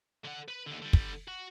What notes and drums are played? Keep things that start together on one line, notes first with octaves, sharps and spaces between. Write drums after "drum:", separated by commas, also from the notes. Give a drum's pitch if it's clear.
D3 F#5
B4 B5
D#2 D3
D3 G3
drum: kick
F#4